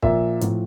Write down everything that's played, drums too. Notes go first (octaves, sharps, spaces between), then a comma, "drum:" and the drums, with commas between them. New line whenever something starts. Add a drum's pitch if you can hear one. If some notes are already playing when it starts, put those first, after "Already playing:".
A#2 F3 E5, drum: kick
A2 F3, drum: hi-hat